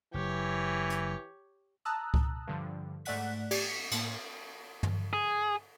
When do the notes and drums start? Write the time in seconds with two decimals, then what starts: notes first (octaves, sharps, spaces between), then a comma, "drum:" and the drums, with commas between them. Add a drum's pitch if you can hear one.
0.14 F#1 E3 G4 C#5
0.90 drum: hi-hat
1.85 A5 A#5 D#6 E6 F#6
2.14 drum: kick C#2
2.47 G2 D3 F3
3.05 G#2 A3 D5 F#5 F#6 B6, drum: open hi-hat
3.51 G4 D5 G#6 A6, drum: cymbal
3.69 B6 C#7
3.91 A2 A#3, drum: cymbal
4.83 drum: tom
5.13 G#4